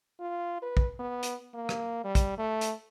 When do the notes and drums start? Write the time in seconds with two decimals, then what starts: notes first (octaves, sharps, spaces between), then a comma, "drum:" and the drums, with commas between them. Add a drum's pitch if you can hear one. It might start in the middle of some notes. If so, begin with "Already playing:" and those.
0.20 F4
0.62 B4
0.77 drum: kick
0.99 B3
1.23 drum: hi-hat
1.54 A#3
1.69 drum: rim click
2.04 G3
2.15 drum: kick, hi-hat
2.38 A3
2.61 drum: hi-hat